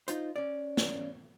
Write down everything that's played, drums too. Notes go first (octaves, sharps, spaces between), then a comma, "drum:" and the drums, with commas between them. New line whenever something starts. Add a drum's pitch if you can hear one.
D#4 F4 C5, drum: hi-hat
C#4 D5
drum: snare